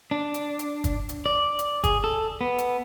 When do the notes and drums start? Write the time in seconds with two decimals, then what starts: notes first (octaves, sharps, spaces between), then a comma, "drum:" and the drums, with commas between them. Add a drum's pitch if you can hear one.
0.11 D4
0.34 drum: hi-hat
0.59 drum: hi-hat
0.84 drum: kick, hi-hat
1.09 drum: hi-hat
1.26 D5
1.59 drum: hi-hat
1.84 G#4, drum: kick, hi-hat
2.04 A4
2.41 B3
2.58 drum: hi-hat